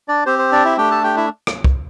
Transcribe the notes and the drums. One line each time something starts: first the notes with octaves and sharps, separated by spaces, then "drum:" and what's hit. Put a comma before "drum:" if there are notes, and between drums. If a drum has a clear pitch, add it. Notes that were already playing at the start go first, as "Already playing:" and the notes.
D4 D5
C4 G4 C5
C5
D4 D5
E4 E5
A3 D4 G4 G5
A4 A5
G4 G5
E4 E5
drum: rim click
drum: kick C2